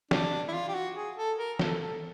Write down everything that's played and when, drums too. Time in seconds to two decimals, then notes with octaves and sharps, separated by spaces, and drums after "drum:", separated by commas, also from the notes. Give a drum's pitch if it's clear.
0.11 D4, drum: snare E3
0.48 E4
0.53 F4
0.68 G4
0.74 F#4
0.95 G#4
1.17 A4
1.38 A#4
1.59 A4, drum: snare E3
1.80 A4